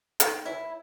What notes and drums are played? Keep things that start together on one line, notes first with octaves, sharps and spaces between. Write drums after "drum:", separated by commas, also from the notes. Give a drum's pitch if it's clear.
D#3 A4, drum: hi-hat
E4 C#5